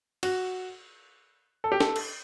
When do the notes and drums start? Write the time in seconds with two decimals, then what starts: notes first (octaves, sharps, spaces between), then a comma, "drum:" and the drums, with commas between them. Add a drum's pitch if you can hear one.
0.23 F#4, drum: cymbal
1.64 A4
1.72 G4
1.80 A4, drum: snare
1.96 drum: cymbal